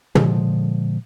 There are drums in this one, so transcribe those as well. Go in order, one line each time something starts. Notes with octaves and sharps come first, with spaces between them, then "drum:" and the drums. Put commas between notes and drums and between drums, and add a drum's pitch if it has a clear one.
A#2 D3 F3 G#3, drum: tom